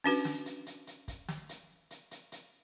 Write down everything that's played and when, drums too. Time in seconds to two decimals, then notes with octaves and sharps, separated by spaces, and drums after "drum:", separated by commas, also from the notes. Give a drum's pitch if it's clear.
0.04 C#4 D4 F#4 B4, drum: open hi-hat
0.25 drum: snare
0.46 drum: hi-hat
0.66 drum: hi-hat
0.87 drum: hi-hat
1.08 drum: kick, hi-hat
1.28 drum: snare
1.49 drum: hi-hat
1.91 drum: hi-hat
2.11 drum: hi-hat
2.32 drum: hi-hat